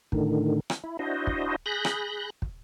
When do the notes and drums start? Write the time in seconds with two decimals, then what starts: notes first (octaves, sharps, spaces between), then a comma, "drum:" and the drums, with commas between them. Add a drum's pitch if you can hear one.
0.12 A2 D3 D#3, drum: kick
0.70 drum: rim click
0.84 E4
0.99 D4 E4 F#4 C5 D#5
1.27 drum: kick
1.66 G#4 B5 F#6 G6 A#6
1.85 drum: rim click
2.42 drum: kick